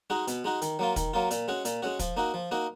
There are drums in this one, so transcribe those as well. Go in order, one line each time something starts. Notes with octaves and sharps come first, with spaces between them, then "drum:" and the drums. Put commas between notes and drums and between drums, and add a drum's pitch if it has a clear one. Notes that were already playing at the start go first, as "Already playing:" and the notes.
G#3 D#4 F#4
B2, drum: hi-hat
G#3 D#4 F#4
D#3, drum: hi-hat
F#3 A#3 F4
D#3, drum: kick, hi-hat
F#3 A#3 F4
A#2, drum: hi-hat
G#3 C#4 F#4
A#2, drum: hi-hat
G#3 C#4 F#4
F3, drum: kick, hi-hat
A#3 D#4 F#4
F3
A#3 D#4 F#4